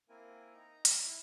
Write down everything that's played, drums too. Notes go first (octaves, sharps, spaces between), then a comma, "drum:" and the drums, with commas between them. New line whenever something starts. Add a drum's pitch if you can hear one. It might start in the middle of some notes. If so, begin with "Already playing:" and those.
A#3 C4 E4 A#4 G#5
D#4 A#5
drum: hi-hat
E4